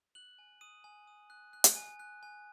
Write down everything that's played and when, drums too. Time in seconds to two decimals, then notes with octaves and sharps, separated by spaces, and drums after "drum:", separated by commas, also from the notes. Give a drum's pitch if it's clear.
0.15 F#6 F#7
0.39 G#5
0.61 D#6 D#7
0.84 G#5
1.07 D#6
1.30 F#6
1.53 F#6
1.64 drum: hi-hat
1.76 G#5
2.00 F#6
2.23 G#5